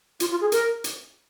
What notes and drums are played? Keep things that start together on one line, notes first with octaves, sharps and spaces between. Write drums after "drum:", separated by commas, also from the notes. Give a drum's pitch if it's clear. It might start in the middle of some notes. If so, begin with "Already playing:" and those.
F4, drum: hi-hat
F4
G#4
A#4, drum: hi-hat
drum: hi-hat